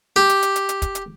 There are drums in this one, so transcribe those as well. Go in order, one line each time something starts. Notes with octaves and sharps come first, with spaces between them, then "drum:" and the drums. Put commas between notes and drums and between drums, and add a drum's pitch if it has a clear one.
G4
drum: hi-hat
drum: hi-hat
drum: hi-hat
drum: hi-hat
drum: kick, hi-hat
drum: hi-hat